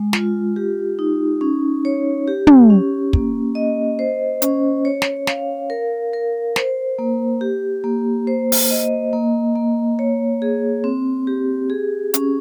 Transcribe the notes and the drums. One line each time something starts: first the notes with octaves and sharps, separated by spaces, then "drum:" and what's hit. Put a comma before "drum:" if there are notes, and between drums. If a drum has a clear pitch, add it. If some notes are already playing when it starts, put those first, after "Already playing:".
Already playing: G#3
F4, drum: snare
G4
D#4
C#4
C#5
G4
drum: tom
C#4
A#3, drum: kick
D#5
C5
C#4, drum: hi-hat
C#5
drum: snare
F5, drum: snare
A#4
A#4
C5, drum: snare
A#3
G4
A#3
C5
drum: open hi-hat
D#5
A#3
A#3
C#5
G#4
C4
G4
G#4
C#4, drum: hi-hat